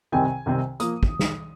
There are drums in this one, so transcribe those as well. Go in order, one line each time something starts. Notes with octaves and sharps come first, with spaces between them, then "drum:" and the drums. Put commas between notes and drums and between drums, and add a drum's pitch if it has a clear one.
C2 C3 D#3 C4 G#5
C2 C3 D#3 C4
F3 A#3 D#6, drum: hi-hat
drum: kick
drum: snare